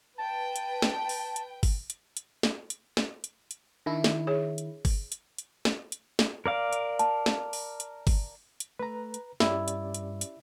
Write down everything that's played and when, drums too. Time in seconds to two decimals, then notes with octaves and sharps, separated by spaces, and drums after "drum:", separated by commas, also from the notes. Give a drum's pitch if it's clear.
0.18 B4 G5 A5
0.56 drum: hi-hat
0.82 drum: snare
1.09 drum: open hi-hat
1.36 drum: hi-hat
1.63 drum: kick G1, open hi-hat
1.90 drum: hi-hat
2.17 drum: hi-hat
2.43 drum: snare
2.70 drum: hi-hat
2.97 drum: snare
3.24 drum: hi-hat
3.51 drum: hi-hat
3.86 D#3 D4 E4
4.04 drum: snare
4.27 G#4 C#5
4.58 drum: hi-hat
4.85 drum: kick G1, open hi-hat
5.12 drum: hi-hat
5.38 drum: hi-hat
5.65 drum: snare
5.92 drum: hi-hat
6.19 drum: snare
6.46 A#4 D5 F5
6.73 drum: hi-hat
6.99 A5, drum: hi-hat
7.26 drum: snare
7.53 drum: open hi-hat
7.80 drum: hi-hat
8.07 drum: kick G1, open hi-hat
8.60 drum: hi-hat
8.79 A3 B4 A#5
9.14 drum: hi-hat
9.40 G2 C#4 E4 G4 D5, drum: snare
9.68 drum: hi-hat
9.94 drum: hi-hat
10.21 drum: hi-hat